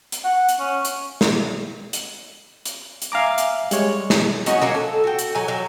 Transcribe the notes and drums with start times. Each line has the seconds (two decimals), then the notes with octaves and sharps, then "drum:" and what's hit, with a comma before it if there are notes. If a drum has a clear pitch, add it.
0.12 drum: hi-hat
0.24 F#5
0.49 drum: hi-hat
0.60 C#4
0.85 drum: hi-hat
1.21 drum: snare
1.93 drum: hi-hat
2.65 drum: hi-hat
3.02 drum: hi-hat
3.12 E5 F5 G#5 A#5 D6
3.38 drum: hi-hat
3.71 G3 G#3 C#5, drum: hi-hat
4.10 drum: snare
4.46 C#4 D#4 F#4, drum: hi-hat
4.62 F#3 A#3 C#4
4.75 A4
5.04 F#4 G5
5.19 drum: hi-hat
5.35 F#3 G#5
5.48 F#3